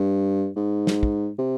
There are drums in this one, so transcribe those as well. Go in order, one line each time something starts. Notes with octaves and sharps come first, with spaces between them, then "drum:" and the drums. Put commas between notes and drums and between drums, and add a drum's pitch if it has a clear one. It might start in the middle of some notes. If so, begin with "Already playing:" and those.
Already playing: G2
G#2
drum: snare
drum: kick
C3